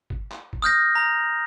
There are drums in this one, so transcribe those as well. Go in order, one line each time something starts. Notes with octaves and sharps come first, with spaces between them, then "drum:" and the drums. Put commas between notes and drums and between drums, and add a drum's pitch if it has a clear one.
drum: kick
drum: clap
drum: kick
D#6 F6 G6 A#6
A#5